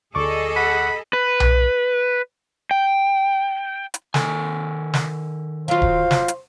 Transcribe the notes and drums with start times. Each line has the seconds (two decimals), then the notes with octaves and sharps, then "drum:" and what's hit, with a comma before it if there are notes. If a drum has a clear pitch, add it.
0.15 D2 G#4 A4 D5 D#5 C#6 D6
0.56 F#5 B5
1.13 B4
1.40 drum: tom B1
2.71 G5
3.94 drum: hi-hat
4.14 D#3 A4 G#5, drum: snare
4.94 drum: snare
5.68 F#3 F4 C5 F5
5.82 drum: kick D1
6.11 drum: snare
6.28 drum: hi-hat